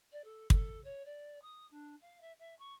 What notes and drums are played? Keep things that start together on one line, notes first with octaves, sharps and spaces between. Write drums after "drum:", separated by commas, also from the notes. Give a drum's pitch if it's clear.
D5
A4
A4, drum: kick
C#5
D5
D#6
D4
F5
E5
E5
C#6